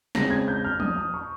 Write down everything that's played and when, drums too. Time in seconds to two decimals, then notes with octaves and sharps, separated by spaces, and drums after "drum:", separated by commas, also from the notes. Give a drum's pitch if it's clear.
0.15 C#3 G#3 C4 A#6, drum: snare
0.30 G#6
0.48 G6
0.65 F6
0.80 D#6, drum: tom
0.96 D#6
1.14 C#6